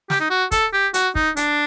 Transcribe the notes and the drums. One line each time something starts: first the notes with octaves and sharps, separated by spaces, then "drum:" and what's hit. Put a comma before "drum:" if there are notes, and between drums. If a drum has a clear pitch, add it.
G4, drum: snare
D#4
F#4
A4, drum: kick, hi-hat
G4
F#4, drum: hi-hat
D#4, drum: kick
D4, drum: hi-hat